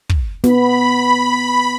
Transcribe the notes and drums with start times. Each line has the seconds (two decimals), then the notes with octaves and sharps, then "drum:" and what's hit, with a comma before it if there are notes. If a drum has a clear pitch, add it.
0.09 drum: kick
0.44 B3 B5, drum: snare